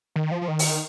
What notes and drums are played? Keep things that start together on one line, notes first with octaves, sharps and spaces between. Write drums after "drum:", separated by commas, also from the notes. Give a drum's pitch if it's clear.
D#3
F3
F3
D#3
drum: open hi-hat